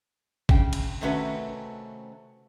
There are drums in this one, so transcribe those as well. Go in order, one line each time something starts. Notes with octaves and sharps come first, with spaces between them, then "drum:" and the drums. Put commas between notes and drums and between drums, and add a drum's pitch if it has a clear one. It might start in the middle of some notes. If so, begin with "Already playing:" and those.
C#3 G5, drum: kick G#1
drum: cymbal
C3 D#3 A3 C#4 F#4 B4